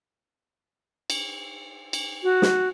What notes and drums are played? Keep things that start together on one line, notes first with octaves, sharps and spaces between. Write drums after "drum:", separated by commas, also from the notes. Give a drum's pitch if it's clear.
drum: cymbal
drum: cymbal
F#4
drum: snare